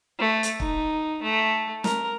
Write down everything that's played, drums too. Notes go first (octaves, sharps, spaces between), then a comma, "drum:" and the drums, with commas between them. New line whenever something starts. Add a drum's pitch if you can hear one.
A3
drum: hi-hat
D#4, drum: kick
A3
A#4, drum: snare